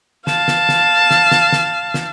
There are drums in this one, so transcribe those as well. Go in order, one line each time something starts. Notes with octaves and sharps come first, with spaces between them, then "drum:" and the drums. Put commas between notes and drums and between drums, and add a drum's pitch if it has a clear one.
F5 A5, drum: snare
drum: snare
drum: snare
drum: snare
drum: snare
drum: snare
drum: snare